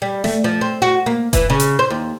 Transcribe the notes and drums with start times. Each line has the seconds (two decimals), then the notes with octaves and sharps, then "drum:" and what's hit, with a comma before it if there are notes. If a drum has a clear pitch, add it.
0.02 G3
0.24 A3, drum: snare
0.44 F3
0.61 C4
0.82 F#4
1.06 A#3
1.33 E3, drum: kick F1, hi-hat
1.50 C#3
1.60 drum: hi-hat
1.79 C5
1.90 D#2